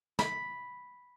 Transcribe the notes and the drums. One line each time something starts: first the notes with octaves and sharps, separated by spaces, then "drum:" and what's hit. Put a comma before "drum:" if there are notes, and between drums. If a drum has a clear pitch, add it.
B5, drum: snare